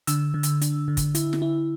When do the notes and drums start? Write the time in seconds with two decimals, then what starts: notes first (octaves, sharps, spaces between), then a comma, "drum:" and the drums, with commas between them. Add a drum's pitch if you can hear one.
0.07 D3 E6, drum: hi-hat
0.34 D3
0.43 drum: hi-hat
0.61 D4, drum: hi-hat
0.88 D3
0.97 drum: kick, hi-hat
1.15 E4, drum: hi-hat
1.33 drum: snare
1.42 E4